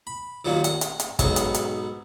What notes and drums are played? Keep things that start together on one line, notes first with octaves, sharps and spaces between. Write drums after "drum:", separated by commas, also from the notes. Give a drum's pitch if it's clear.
B5
D#2 A#2 D#3 F#3 A#3
F#5, drum: hi-hat
drum: hi-hat
drum: hi-hat
B1 G#2 F#3 B3 C#6, drum: kick, hi-hat
drum: hi-hat
drum: hi-hat